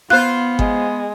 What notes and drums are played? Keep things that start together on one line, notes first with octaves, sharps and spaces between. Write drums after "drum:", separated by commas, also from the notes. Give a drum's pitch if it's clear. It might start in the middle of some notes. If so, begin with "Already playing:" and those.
B3 F4 C5 F#6
G#3, drum: kick G1